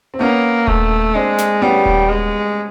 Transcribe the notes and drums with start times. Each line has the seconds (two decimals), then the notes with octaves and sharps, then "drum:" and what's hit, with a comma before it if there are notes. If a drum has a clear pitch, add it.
0.14 C4
0.20 A#3 B3 C#4
0.67 A3, drum: kick D#1
1.15 G#3 C4 D4
1.38 drum: snare
1.62 G3 B3 C#4
1.86 drum: kick D#1
2.09 G#3